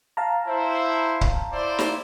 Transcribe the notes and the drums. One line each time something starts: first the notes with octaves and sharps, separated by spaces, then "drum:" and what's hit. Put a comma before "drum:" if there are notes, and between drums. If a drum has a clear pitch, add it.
F5 A5 A#5
E4 C5
drum: kick C#1
E4 C5 D5
drum: snare